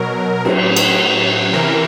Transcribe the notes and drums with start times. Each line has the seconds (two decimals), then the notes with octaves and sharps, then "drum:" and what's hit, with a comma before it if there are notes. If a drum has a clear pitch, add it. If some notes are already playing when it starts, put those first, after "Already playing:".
Already playing: B2 F#3 A#4
0.45 A2 F#3, drum: cymbal
0.76 drum: cymbal
1.53 C3 E3 A#4